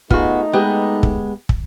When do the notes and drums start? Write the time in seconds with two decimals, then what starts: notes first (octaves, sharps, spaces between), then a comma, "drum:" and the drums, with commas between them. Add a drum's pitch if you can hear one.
0.11 A3 B3 D#4 F4 F#4 G#4, drum: kick
0.53 G#3 B3 G4 B4 D#5
1.03 drum: kick
1.49 drum: kick